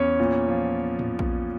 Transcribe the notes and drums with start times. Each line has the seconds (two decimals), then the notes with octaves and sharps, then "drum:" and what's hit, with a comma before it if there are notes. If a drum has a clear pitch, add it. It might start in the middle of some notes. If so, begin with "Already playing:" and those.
Already playing: E2 C#4 C#5
0.20 A#2
0.48 F3
0.99 drum: tom G#2
1.19 drum: kick A#1